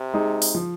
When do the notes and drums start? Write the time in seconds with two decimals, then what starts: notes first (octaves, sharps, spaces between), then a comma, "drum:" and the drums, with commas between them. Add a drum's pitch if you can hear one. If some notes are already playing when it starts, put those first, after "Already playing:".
Already playing: C3
0.14 G#3 D#4
0.42 drum: open hi-hat
0.55 F3